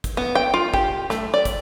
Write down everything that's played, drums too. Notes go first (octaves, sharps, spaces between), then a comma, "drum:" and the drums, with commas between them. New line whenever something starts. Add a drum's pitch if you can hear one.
drum: kick, hi-hat
B3
G5
F4
G4, drum: kick
A3, drum: snare
D5
drum: kick, hi-hat